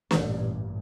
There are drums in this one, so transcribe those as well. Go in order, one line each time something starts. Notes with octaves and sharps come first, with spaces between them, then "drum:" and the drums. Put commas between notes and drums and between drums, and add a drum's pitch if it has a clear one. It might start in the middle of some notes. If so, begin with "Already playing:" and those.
A1 G2 A#2, drum: snare